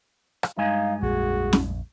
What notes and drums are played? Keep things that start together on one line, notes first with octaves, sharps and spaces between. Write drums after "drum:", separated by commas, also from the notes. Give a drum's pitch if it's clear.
drum: rim click
G2 G#3 D#4 F5 G#5
A#1 F2 A#2 F#4 G#4
drum: snare